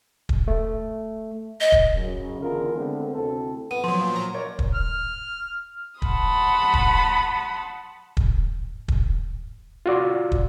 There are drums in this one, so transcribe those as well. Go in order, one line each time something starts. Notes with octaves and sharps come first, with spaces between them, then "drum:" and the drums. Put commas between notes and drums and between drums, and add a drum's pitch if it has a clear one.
drum: kick
A3
D#5
drum: kick
F#2 C#3
E2 D3 E4 F4 G#4 A#4
D3 D#3 G#3 A3 B3 C4
D2 C3 A3 C4 E4 A4
B3 D#7
F3 F#3 C6
A#2 F4
A#5
A#4 C#5 D5
drum: kick
F6
F#5 A5 B5 C6 D#6, drum: kick
drum: kick
drum: kick
drum: kick
F4 F#4 D5
drum: kick